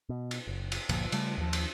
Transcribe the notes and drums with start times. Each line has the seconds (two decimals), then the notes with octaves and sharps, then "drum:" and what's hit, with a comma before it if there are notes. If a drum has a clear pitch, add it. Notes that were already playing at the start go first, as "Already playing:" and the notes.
0.09 B2
0.31 drum: cymbal
0.47 F#1
0.72 drum: cymbal
0.89 G1 D2 A#2 F3, drum: cymbal
1.12 C#3 G3 A3, drum: cymbal
1.38 D#2 F3
1.53 drum: cymbal